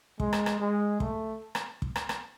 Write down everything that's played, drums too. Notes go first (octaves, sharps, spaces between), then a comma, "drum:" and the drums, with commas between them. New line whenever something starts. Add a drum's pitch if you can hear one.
G#3, drum: kick
drum: rim click
drum: rim click
G#3
A3, drum: kick
drum: rim click
drum: kick
drum: rim click
drum: rim click